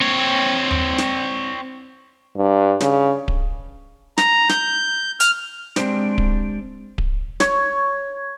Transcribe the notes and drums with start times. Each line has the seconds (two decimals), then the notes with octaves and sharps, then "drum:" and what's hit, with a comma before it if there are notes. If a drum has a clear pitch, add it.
0.01 C4 C#5
0.71 drum: tom D#2
0.98 drum: snare
2.37 G2
2.80 C#3, drum: snare
3.28 drum: kick D1
4.18 A#5, drum: snare
4.49 G6, drum: snare
5.20 F6, drum: hi-hat
5.76 G#3 C4 D4 G4 C5 D5, drum: snare
6.18 drum: kick D1
6.98 drum: kick D1
7.40 C#5, drum: snare